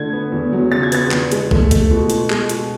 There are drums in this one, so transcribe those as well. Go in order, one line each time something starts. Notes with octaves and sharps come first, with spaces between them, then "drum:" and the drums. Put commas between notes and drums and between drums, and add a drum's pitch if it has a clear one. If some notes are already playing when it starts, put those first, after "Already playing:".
Already playing: D3 A3 G#6
B3
E2
F#3
C#3 A6
G#6
B3 A6, drum: hi-hat
E2, drum: clap
G#3, drum: hi-hat
A3, drum: kick
A3, drum: kick, hi-hat
B2
B2, drum: hi-hat
G#3, drum: clap
B2, drum: hi-hat